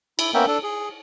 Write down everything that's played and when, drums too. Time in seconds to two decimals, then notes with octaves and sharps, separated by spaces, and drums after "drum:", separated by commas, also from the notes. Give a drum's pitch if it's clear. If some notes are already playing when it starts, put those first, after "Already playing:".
0.19 E4, drum: cymbal
0.34 A#3 B3 C#4 A#4 E5 G5
0.47 D4 A4
0.63 G#4